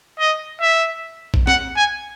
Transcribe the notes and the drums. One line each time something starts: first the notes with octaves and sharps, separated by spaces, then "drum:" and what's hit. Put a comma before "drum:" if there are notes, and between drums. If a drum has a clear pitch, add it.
D#5
E5
drum: kick A#1
F#5, drum: snare
G#5